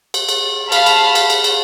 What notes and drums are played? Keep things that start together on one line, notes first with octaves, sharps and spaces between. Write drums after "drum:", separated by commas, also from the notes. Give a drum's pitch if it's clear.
drum: cymbal
drum: cymbal
F5 A5 B5, drum: cymbal
drum: cymbal
drum: cymbal
drum: cymbal
drum: cymbal